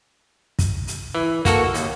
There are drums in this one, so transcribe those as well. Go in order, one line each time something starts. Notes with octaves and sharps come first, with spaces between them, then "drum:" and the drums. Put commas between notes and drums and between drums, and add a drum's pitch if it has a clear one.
drum: kick, hi-hat
drum: hi-hat
E3
A#3 F#4 A4, drum: kick, hi-hat
D#2, drum: hi-hat